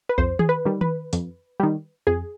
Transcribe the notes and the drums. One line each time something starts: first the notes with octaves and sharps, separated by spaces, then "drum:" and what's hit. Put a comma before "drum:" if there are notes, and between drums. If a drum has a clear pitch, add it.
B4
F2 C5, drum: kick B1
G#4, drum: tom D#3
B4
D#3 G3
B4, drum: tom D#3
F2, drum: hi-hat
D#3 G3
F2 G#4